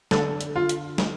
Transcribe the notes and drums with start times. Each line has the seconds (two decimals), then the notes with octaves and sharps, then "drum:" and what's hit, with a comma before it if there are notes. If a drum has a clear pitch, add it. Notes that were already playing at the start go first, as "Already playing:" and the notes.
0.11 D3 A4, drum: snare
0.41 drum: hi-hat
0.56 F4
0.69 drum: hi-hat
0.98 drum: snare